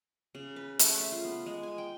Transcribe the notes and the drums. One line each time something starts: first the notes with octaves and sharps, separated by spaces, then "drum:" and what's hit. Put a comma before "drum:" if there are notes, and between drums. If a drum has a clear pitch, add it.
C#3
B4
A3, drum: hi-hat
E5
F4
B3
G#3
G#5
G5